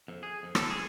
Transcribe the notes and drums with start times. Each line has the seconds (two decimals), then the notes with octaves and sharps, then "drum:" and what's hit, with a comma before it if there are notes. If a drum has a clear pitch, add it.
0.08 F2
0.23 G#4
0.43 F2
0.55 A4, drum: rim click
0.70 G#4